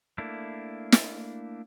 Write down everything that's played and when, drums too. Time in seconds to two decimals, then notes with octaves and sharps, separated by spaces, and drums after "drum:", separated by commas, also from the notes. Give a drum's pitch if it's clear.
0.18 A3 A#3 D4 E4
0.92 drum: snare